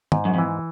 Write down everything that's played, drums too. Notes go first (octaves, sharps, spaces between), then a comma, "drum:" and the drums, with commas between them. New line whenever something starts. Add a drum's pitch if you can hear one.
G#2, drum: tom
F#2
F2
E3